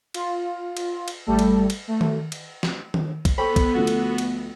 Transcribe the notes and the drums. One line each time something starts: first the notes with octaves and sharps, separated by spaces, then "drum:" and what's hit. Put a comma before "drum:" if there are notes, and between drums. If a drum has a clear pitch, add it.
F4, drum: cymbal
drum: cymbal
drum: cymbal
G#1 G3 A3 A4
drum: cymbal
drum: cymbal
A3
drum: tom D#3
drum: cymbal
drum: snare
drum: tom D#3
drum: kick, cymbal
B3 A4 C5 G5 B5 C#6
drum: kick, cymbal
D2 F3 F#4
drum: cymbal
drum: cymbal